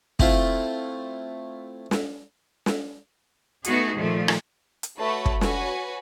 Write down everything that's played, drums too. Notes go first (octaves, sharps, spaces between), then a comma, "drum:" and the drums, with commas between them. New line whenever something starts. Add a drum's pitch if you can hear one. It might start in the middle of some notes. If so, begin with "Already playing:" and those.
A3 C4 E4 F4, drum: kick
drum: snare
drum: snare
A3 B3 D#4 F#4 G#4, drum: hi-hat
A#2 D#3 F3 A3
drum: rim click
drum: hi-hat
A3 F#4 B4 C#5 A5 B5
drum: kick
F#4 B4 C#5 G#5, drum: snare